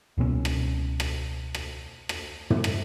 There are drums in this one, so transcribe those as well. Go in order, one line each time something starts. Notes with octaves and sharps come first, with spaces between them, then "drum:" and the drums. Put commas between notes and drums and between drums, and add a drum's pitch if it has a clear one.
C#2 B2 G#3 C#4
drum: rim click
drum: rim click
drum: rim click
drum: rim click
drum: tom
drum: rim click